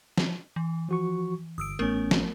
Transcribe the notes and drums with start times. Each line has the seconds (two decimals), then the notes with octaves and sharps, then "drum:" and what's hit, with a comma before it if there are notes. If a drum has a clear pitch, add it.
0.18 drum: snare F3
0.56 E3
0.89 F3 F#4 C#6
1.58 G1 D#6 E6 D7
1.79 A1 A3 B3 C#4 A#4
2.11 drum: snare F3